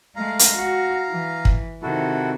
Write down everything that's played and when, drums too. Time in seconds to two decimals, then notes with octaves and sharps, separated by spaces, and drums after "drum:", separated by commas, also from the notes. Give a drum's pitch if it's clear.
0.16 G#3 A3 F5 A#5
0.39 drum: hi-hat
0.56 F#4
1.10 E3
1.45 drum: kick
1.83 C3 D#3 E4 F#4 A4